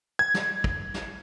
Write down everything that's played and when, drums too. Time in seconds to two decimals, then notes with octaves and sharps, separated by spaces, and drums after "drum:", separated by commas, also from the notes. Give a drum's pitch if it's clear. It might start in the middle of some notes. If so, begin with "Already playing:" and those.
0.19 G#6
0.34 drum: snare
0.64 drum: kick
0.94 drum: snare